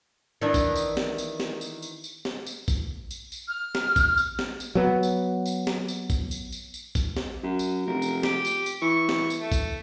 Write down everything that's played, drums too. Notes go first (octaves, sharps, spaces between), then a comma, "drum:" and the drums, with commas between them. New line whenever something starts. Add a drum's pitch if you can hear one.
D#3 E3 D4
drum: kick A#1, tambourine
drum: tambourine
drum: snare
drum: tambourine
drum: snare
drum: tambourine
drum: tambourine
drum: tambourine
drum: snare
drum: tambourine
drum: kick A#1, tambourine
drum: tambourine
drum: tambourine
F6
drum: snare
drum: kick A#1, tambourine
drum: tambourine
drum: snare
drum: tambourine
F#3 B3
drum: tambourine
drum: tambourine
drum: snare
drum: tambourine
drum: kick A#1, tambourine
drum: tambourine
drum: tambourine
drum: tambourine
drum: kick A#1, tambourine
drum: snare
F#2
drum: tambourine
F1 A#4
drum: tambourine
G4, drum: snare
drum: tambourine
drum: tambourine
E3 C#6
drum: snare
drum: tambourine
A3
drum: kick A#1, tambourine